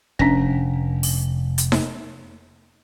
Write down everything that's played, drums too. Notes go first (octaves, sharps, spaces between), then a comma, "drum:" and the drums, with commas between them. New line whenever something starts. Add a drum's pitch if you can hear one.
F1 C#4 D4
drum: open hi-hat
drum: hi-hat
drum: snare D#4